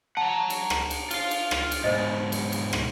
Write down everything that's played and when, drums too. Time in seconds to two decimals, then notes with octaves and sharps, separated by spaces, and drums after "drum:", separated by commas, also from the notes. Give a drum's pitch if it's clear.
0.17 F#5 A5 A#5
0.50 drum: cymbal
0.70 drum: rim click
0.90 drum: cymbal
1.11 F4 F5, drum: cymbal
1.31 drum: cymbal
1.51 drum: rim click
1.71 drum: cymbal
1.84 G#2 B2 C5 D#5
2.32 drum: cymbal
2.52 drum: cymbal
2.73 drum: rim click